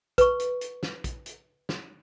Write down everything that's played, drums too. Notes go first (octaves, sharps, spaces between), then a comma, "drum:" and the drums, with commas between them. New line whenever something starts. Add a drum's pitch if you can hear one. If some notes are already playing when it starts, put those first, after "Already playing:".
B4 C#6, drum: kick, hi-hat
drum: hi-hat
drum: hi-hat
drum: snare
drum: kick, hi-hat
drum: hi-hat
drum: snare